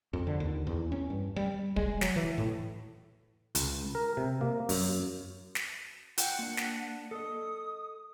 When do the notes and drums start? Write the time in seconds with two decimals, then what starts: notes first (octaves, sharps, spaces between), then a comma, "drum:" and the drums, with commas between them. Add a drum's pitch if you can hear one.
0.13 F2
0.27 D3
0.40 D#2
0.67 E2
0.92 C#4
1.10 G2
1.36 G3
1.76 G#3, drum: kick
2.01 F#3, drum: snare
2.16 E3
2.38 A2
3.55 C#2, drum: hi-hat
3.95 A#4
4.17 C3
4.41 A#3
4.69 F#2, drum: open hi-hat
5.55 drum: snare
6.18 F4 F#5 G5, drum: hi-hat
6.39 A#3 D4
6.57 drum: snare
7.11 A4 D#5 D#6